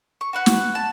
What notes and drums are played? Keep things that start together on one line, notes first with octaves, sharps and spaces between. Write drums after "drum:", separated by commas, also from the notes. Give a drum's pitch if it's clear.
C#6
F#4 B4 F#5
drum: snare
A5